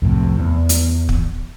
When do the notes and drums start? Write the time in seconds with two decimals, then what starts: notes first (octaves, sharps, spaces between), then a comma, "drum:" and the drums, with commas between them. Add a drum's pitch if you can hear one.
0.02 C2 F2 A2 C3
0.38 E2
0.69 drum: hi-hat
1.09 drum: kick